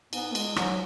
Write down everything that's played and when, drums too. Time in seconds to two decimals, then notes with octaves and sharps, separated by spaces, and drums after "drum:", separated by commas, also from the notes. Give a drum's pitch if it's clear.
0.13 G#2 B3, drum: cymbal
0.35 G#3, drum: cymbal
0.56 G#2 F#3, drum: rim click